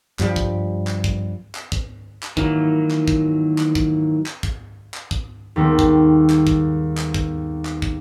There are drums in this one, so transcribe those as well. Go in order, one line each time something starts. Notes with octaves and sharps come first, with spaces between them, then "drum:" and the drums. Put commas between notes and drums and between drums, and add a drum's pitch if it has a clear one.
G2 F3 G3, drum: clap
drum: kick
drum: clap
drum: kick
drum: clap
drum: kick
drum: clap
D#3 E3 F#3 A#3, drum: kick
drum: clap
drum: kick
drum: clap
drum: kick
drum: clap
drum: kick
drum: clap
drum: kick
D#2 G3 G#3 B3 C4
drum: kick
drum: clap
drum: kick
drum: clap
drum: kick
drum: clap
drum: kick